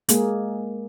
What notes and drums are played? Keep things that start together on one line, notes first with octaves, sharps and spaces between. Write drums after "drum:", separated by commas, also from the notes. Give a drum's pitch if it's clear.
G#3 A#3 G#4, drum: hi-hat